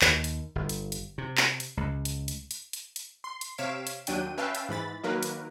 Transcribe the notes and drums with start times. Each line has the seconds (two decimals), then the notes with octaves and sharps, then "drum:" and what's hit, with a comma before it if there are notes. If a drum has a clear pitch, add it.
0.01 D#2, drum: clap
0.24 drum: hi-hat
0.55 G1
0.69 drum: hi-hat
0.92 drum: hi-hat
1.18 C3
1.37 drum: clap
1.60 drum: hi-hat
1.77 C#2
2.05 drum: hi-hat
2.28 drum: hi-hat
2.51 drum: hi-hat
2.73 drum: hi-hat
2.96 drum: hi-hat
3.24 C6
3.41 drum: hi-hat
3.58 C3 C#5 F5 B6 D7 E7
3.87 drum: hi-hat
4.07 D#2 F#3 D4 G5 D#7, drum: hi-hat
4.37 C#4 B4 E5 F5 G5 A5
4.55 drum: hi-hat
4.69 G#2 E3 B5 A6
5.03 D#3 F#3 A#3 A#4 B4
5.23 drum: hi-hat